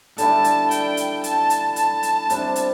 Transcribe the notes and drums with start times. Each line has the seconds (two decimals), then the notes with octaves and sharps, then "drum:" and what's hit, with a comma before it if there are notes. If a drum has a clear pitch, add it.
0.18 D3 G3 E4 A5, drum: hi-hat
0.44 drum: hi-hat
0.71 G5, drum: hi-hat
0.97 drum: hi-hat
1.24 A5, drum: hi-hat
1.50 drum: hi-hat
1.76 A5, drum: hi-hat
2.03 drum: hi-hat
2.30 C3 G3 D4, drum: hi-hat
2.56 drum: hi-hat